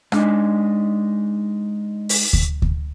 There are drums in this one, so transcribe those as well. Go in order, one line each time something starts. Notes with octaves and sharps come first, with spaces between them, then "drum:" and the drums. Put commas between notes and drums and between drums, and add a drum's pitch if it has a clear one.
G#3 D4 D#4, drum: rim click
drum: open hi-hat
drum: kick D2
drum: kick D2